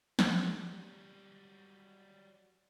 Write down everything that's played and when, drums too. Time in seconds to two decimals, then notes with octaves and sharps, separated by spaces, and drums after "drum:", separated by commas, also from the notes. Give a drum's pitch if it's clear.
0.19 F#3 G3, drum: snare